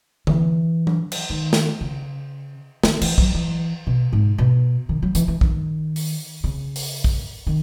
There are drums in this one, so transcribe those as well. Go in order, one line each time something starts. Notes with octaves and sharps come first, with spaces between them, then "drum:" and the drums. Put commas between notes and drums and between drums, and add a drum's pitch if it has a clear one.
E3, drum: tom D3
drum: tom F#3
drum: cymbal
D#3
drum: snare
C#3
D#3, drum: snare
E3, drum: cymbal
F#3, drum: kick A#1
E3
B2
G#2
B2
D#3
F#3
E3, drum: hi-hat
E3
D#3, drum: kick A#1
drum: open hi-hat
C#3
drum: open hi-hat
drum: kick A#1
D#3